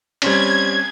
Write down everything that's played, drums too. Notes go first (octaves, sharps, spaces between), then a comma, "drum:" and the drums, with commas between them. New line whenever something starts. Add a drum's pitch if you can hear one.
G3 C4 C#4 G#6, drum: cymbal